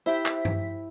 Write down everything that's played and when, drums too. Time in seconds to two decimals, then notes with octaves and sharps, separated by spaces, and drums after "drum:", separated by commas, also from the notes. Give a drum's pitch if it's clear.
0.06 E4 G4 C5 E5 B6
0.26 drum: clap
0.45 drum: tom G2